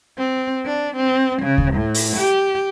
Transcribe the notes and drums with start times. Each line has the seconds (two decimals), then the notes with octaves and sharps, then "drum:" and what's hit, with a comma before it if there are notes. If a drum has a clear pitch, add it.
0.18 C4
0.66 D4
0.96 C4
1.42 C#3
1.58 drum: kick D2
1.74 A2
1.94 drum: open hi-hat
2.17 G4